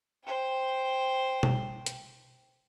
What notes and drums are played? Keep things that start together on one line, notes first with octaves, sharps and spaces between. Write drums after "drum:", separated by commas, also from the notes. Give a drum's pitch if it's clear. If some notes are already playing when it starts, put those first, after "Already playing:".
C5 G5
drum: tom B2
drum: hi-hat